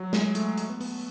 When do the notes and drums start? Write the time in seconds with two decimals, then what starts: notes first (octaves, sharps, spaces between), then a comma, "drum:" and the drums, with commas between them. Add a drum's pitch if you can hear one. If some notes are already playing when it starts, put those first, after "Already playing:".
Already playing: F#3
0.13 G#3, drum: snare
0.35 A3, drum: hi-hat
0.58 A3, drum: hi-hat
0.69 B3
0.81 B3, drum: open hi-hat